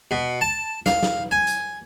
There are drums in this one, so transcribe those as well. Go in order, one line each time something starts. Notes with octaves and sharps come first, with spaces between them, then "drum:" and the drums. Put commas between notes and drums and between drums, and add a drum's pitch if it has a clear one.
B2
A5
F5, drum: snare
drum: snare
G#5
drum: hi-hat